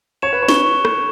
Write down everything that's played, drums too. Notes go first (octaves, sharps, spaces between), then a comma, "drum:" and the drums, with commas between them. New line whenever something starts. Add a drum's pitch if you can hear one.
C#5 E7
B4
C#5
C#6, drum: snare
drum: rim click